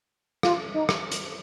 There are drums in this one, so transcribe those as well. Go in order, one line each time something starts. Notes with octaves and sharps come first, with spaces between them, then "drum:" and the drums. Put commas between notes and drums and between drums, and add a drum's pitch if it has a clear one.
F4, drum: rim click
D#4
drum: rim click
drum: hi-hat